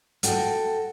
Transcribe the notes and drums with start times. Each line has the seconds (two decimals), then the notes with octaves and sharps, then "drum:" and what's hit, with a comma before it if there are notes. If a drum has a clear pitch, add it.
0.23 F#4 A4 G5, drum: hi-hat